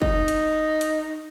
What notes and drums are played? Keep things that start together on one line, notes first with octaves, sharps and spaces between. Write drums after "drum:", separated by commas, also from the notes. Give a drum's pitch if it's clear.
D#4, drum: kick
drum: hi-hat
drum: hi-hat